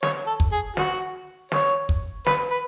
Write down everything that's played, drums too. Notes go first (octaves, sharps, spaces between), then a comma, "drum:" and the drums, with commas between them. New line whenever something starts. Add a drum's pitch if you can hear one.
C#5, drum: snare
A4
drum: kick
G#4
F#4, drum: snare
C#5, drum: snare
drum: kick
B4, drum: snare
B4